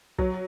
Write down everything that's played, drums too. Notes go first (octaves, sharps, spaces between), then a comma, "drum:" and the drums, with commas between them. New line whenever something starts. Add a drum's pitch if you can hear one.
F#3, drum: kick